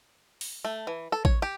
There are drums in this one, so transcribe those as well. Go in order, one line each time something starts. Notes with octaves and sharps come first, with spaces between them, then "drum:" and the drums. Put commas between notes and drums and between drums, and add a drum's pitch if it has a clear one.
drum: open hi-hat
A3
E3
A4
C#5, drum: kick A1
G4